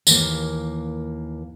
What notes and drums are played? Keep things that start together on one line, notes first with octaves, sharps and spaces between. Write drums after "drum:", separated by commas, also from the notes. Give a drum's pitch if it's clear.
D#2 E3 A#3, drum: tambourine